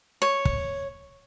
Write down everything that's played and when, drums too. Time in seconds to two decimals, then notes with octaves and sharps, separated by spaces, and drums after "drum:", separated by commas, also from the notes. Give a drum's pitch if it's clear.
0.22 C#5
0.45 drum: kick